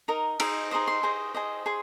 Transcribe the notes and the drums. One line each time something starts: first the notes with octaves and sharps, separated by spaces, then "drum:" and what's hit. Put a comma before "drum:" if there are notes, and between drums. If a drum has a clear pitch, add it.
D#4 A#4 D#5
D#4 G#4 C5 D#5, drum: cymbal
D#4 G#4 C5 D#5 D#6
C6
G#4 C5 D#5
G#4 C5 D#5
G#4 C6